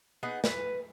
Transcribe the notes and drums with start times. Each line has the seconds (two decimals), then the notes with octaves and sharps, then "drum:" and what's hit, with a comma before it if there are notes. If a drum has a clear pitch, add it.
0.23 B3 D#4 G#4 F#5
0.44 B4, drum: snare